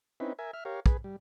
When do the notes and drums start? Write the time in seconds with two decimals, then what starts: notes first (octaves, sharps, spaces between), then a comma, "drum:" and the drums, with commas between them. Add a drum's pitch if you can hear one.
0.20 C4 C#4 D#4 E4 B4
0.39 A#4 E5 G#5
0.53 E5 F6
0.65 G4 A#4 C#5 F5
0.86 G#4 B4, drum: kick
1.04 G3